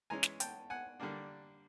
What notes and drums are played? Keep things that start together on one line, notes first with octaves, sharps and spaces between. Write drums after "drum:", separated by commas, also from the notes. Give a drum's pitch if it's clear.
E3 G#3 C#4 G#5 A#5
drum: snare
G5 A5, drum: hi-hat
F#5 G#5
D3 G3 A#3 D4